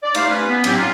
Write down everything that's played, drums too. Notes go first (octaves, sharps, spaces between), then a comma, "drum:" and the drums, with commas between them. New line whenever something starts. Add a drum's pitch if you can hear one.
D5
A3 D#4 C5 F5, drum: cymbal
C#4 B4
B3
A2 F#3 C4 C#4 E4 G4, drum: cymbal
D#4 F4